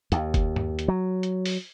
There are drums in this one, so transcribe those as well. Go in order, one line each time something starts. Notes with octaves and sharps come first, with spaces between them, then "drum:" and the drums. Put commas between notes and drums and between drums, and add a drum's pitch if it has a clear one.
D#2, drum: hi-hat
drum: kick, hi-hat
drum: tom G2
drum: hi-hat
F#3
drum: hi-hat
drum: open hi-hat